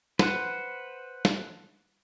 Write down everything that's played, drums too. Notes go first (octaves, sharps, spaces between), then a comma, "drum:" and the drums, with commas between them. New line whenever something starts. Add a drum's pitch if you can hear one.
B4 C5 F#5, drum: snare
drum: snare